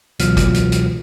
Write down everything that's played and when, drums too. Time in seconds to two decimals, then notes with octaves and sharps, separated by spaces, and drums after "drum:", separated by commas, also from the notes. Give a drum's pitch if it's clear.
0.19 C#2 B2 E3 F#3 F4 F6, drum: hi-hat
0.37 drum: kick, hi-hat
0.54 drum: hi-hat
0.72 drum: hi-hat